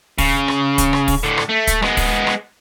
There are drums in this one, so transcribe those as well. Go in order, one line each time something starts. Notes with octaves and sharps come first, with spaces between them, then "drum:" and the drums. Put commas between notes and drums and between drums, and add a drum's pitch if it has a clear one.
C#3, drum: kick, open hi-hat
drum: rim click
drum: kick, hi-hat
drum: rim click
drum: kick, open hi-hat
A2 D3
drum: rim click
A3
drum: kick, hi-hat
G#3 B3, drum: rim click
drum: kick, open hi-hat
drum: rim click